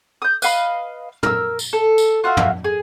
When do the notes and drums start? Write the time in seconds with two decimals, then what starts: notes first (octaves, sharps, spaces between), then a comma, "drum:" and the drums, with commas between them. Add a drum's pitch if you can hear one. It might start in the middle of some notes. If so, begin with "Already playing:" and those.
0.22 D#6 G6
0.42 B4 D#5 F5 B5, drum: tambourine
1.23 A#4 E6, drum: tom
1.59 drum: tambourine
1.73 A4
1.98 drum: tambourine
2.24 F4 F#4 E5 F5
2.37 drum: tom
2.64 G#4